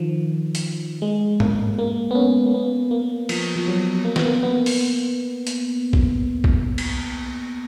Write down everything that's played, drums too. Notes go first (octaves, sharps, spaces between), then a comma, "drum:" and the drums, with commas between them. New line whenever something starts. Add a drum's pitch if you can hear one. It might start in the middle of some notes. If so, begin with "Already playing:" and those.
Already playing: D#3 F3
drum: hi-hat
G#3
A#3, drum: tom G#2
A#3
B3
C#4
A#3
B3
A#3
F3, drum: cymbal
F3
F#3
A#3
B3, drum: snare
A#3
B3
drum: open hi-hat
drum: hi-hat
drum: kick
drum: kick
drum: cymbal